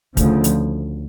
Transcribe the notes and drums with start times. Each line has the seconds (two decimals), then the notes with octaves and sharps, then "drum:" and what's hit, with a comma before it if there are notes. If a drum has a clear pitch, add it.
0.17 D2 C#3 F3, drum: kick, hi-hat
0.44 drum: hi-hat